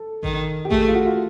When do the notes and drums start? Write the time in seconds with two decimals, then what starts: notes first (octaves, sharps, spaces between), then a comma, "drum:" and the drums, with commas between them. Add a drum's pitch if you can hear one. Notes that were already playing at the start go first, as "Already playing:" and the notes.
Already playing: A4
0.23 D#3, drum: kick A1
0.65 G4
0.70 A3 G#4, drum: kick A1
0.88 F4
0.94 F#4
1.06 F4